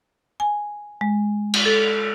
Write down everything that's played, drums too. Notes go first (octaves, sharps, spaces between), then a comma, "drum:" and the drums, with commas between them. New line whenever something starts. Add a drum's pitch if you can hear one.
G#5
G#3
drum: cymbal
A4